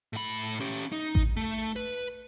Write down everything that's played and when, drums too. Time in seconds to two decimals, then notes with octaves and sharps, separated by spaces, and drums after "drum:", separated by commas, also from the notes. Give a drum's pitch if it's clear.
0.13 A2 B5
0.60 C#4 G4
0.92 D#4
1.15 drum: kick A1
1.37 A3
1.76 B4